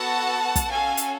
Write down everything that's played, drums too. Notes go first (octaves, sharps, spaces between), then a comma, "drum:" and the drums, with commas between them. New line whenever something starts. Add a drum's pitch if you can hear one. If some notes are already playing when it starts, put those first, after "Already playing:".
Already playing: B3 F#4 A4 F#5 A5
drum: kick, hi-hat
C#4 F#4 A4 F5 G#5
drum: hi-hat